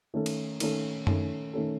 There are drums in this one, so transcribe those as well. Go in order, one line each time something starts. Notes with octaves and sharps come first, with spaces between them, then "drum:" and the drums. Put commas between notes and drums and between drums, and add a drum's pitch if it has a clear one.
D#3 A3 C#4 A4
drum: cymbal
D#3 A3 C#4 A4, drum: cymbal
D#3 A3 C#4 A4, drum: tom F#2
D#3 A3 C#4 A4